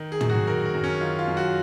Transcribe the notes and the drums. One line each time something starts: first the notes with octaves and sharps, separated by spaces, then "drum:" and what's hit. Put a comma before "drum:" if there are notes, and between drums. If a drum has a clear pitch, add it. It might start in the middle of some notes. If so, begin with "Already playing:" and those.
Already playing: D#3
G#4
F#2, drum: tom
F#4
D#3 A#4
A#4
F#2
C#4
D#3 F4
F4
F#2
F#4